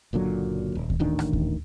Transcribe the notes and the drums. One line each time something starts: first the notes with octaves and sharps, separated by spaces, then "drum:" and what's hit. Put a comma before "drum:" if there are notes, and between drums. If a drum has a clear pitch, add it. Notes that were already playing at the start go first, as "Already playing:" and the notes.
F#1 A#2 D3 F#3
D#1
drum: kick D#2
D#1 A1 D#3 D4
drum: rim click
drum: kick D#2